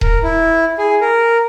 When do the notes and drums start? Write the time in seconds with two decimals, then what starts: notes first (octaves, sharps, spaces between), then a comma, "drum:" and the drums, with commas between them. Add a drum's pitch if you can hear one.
0.01 A#4, drum: kick D#1
0.23 E4
0.79 G#4
1.01 A#4